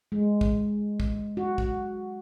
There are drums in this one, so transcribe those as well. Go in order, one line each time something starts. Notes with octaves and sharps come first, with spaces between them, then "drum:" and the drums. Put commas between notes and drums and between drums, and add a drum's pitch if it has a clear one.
G#3
drum: kick
drum: kick
F#4
drum: kick